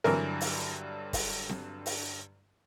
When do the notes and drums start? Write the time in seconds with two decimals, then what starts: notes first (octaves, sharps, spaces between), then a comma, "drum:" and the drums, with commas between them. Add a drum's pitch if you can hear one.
0.04 G2 D3 E3 F#3 A#4, drum: snare C4
0.41 drum: open hi-hat
1.13 drum: kick, open hi-hat
1.49 drum: snare C4
1.86 drum: open hi-hat